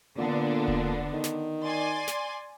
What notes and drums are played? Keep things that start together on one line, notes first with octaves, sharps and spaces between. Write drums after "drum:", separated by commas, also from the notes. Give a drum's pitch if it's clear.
A#2 D3 B3 D4
drum: kick E1
D#3
drum: snare
D5 G#5 C6
drum: snare